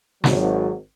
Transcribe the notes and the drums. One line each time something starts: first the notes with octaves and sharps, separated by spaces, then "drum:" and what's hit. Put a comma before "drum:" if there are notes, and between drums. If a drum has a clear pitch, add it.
G#1 F#3, drum: snare